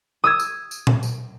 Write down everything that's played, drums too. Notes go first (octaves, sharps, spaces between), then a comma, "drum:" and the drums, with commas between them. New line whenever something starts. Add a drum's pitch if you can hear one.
D#6 E6 G#6
drum: tambourine
drum: tambourine
drum: tom A#2
drum: tambourine